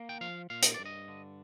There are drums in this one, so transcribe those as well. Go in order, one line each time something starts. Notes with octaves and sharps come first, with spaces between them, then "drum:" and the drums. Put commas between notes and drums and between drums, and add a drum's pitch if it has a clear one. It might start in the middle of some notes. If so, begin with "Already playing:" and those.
Already playing: A#3
G5
F3 F5
A#2 F5
D#5, drum: hi-hat
D5
G2
D#5
D3